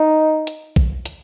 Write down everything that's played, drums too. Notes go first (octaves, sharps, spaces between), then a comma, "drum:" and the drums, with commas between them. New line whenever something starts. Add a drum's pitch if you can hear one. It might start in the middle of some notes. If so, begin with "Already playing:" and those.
Already playing: D#4
drum: hi-hat
drum: kick A#1
drum: hi-hat